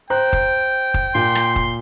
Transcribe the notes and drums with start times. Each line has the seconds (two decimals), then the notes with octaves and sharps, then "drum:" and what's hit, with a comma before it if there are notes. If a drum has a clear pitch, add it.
0.10 C5 G5 A#5 F#6
0.33 drum: kick
0.94 drum: kick
1.15 A#2 C6
1.35 drum: rim click
1.56 drum: kick